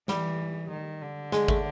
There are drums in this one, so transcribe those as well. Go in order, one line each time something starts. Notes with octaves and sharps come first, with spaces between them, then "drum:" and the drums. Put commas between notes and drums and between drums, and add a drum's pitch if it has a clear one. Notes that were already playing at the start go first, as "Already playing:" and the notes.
E3 G3, drum: snare
D#3
D3
G#3, drum: snare
A3, drum: kick